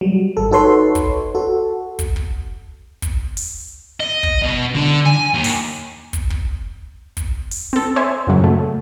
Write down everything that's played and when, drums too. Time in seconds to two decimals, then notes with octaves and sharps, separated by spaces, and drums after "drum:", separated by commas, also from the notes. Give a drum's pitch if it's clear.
0.01 F#3 G3
0.37 G#1 A4
0.51 D#4 F#4 A4 B4 C#5 C6
0.95 drum: kick, hi-hat
1.35 F#4 A4
1.99 drum: kick, hi-hat
2.16 drum: kick
3.02 drum: kick, hi-hat
3.37 drum: open hi-hat
4.00 D#5
4.23 drum: kick
4.42 B2
4.75 D3
5.06 G#5
5.35 D#2
5.44 drum: open hi-hat
6.13 drum: kick, hi-hat
6.30 drum: kick
7.17 drum: kick, hi-hat
7.51 drum: open hi-hat
7.73 C4 A4
7.96 C5 C#5 E5 G#5
8.27 F#2 A#2 C#3 F#3
8.44 A3